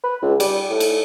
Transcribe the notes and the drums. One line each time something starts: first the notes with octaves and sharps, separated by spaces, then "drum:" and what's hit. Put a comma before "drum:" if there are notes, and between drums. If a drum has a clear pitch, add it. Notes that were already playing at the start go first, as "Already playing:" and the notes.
B4
C#2
G3, drum: cymbal
A2
drum: cymbal